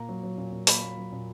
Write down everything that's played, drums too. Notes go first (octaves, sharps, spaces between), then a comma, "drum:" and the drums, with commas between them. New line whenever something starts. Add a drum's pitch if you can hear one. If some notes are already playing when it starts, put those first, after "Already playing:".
Already playing: A#2 A#3 A#5
F#3
F#3
A#2
A#2
A#3 B5, drum: open hi-hat
A#3
F#3
A#2